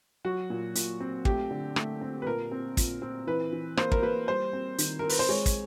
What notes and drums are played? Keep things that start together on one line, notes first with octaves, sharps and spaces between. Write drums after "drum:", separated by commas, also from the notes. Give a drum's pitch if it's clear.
F#3 F#4
A#2
A#2, drum: hi-hat
C4
A3 G4, drum: kick
D3
A3, drum: rim click
C4
B4
A#2 A#4
C4
A#2, drum: kick, hi-hat
C4
E3 B4
E3
A#3 C5, drum: rim click
A#4, drum: kick
A#3 B4
G3 C5
C4
D#3, drum: hi-hat
C4 A#4
B4, drum: open hi-hat
C5
G#3 C#5
drum: kick, hi-hat